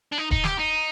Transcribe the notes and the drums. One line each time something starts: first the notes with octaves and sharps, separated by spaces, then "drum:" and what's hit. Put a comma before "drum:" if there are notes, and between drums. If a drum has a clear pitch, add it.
D4
D#4
D#4, drum: kick D#1
G4, drum: snare
D#4